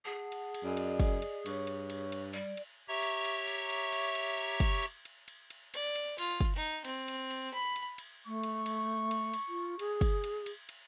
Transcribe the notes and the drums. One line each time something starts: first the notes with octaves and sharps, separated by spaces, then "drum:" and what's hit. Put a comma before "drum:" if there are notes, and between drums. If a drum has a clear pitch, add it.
G#4 F#5 A5
drum: cymbal
drum: cymbal
F#2 D5 D#5 G#5
drum: cymbal
drum: kick, cymbal
drum: cymbal
G2 C#5 C#6, drum: cymbal
drum: cymbal
drum: cymbal
drum: cymbal
G3 D5, drum: cymbal
drum: cymbal
G4 C#5 E5 A#5 C#6
drum: cymbal
drum: cymbal
drum: cymbal
drum: cymbal
drum: cymbal
drum: cymbal
drum: cymbal
drum: kick, cymbal
drum: cymbal
drum: cymbal
drum: cymbal
drum: cymbal
D5, drum: cymbal
drum: cymbal
F4, drum: cymbal
drum: kick, cymbal
D#4
C4, drum: cymbal
drum: cymbal
drum: cymbal
B5
drum: cymbal
drum: cymbal
A3 C#6
drum: cymbal
drum: cymbal
drum: cymbal
drum: cymbal
F4
G#4, drum: cymbal
drum: kick, cymbal
drum: cymbal
drum: cymbal
drum: cymbal